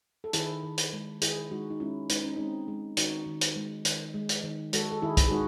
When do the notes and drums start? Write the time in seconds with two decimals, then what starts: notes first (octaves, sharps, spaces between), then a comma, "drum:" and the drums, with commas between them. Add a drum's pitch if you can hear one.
0.24 A4
0.33 D#3 E4 G#4, drum: hi-hat
0.63 D#3
0.78 drum: hi-hat
0.93 G#3
1.22 D#3 E4 G#4, drum: hi-hat
1.51 G#3 D#4 F#4
1.70 D#4
1.80 G#3 C#4 E4
2.10 G#3 D#4, drum: hi-hat
2.24 C#4
2.36 G#3 C4 D#4
2.68 G#3
2.97 D#3 D#4 F#4, drum: hi-hat
3.26 D#3
3.41 drum: hi-hat
3.56 G#3
3.85 D#3, drum: hi-hat
4.14 G#3
4.29 drum: hi-hat
4.43 D#3
4.73 G#3 F#4 A4, drum: hi-hat
4.91 A4
5.02 D#3 E4 G#4
5.17 drum: kick, hi-hat
5.27 G#4
5.31 G#3 D#4 F#4